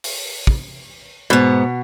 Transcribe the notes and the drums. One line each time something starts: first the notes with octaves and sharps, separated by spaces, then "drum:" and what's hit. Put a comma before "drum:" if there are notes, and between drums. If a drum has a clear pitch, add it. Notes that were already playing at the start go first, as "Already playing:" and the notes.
drum: open hi-hat
drum: kick
G#2 B2 B3